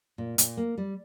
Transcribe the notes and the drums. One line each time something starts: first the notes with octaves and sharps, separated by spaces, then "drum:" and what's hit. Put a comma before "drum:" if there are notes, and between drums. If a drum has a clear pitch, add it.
A#2
A#2, drum: hi-hat
A#3
G3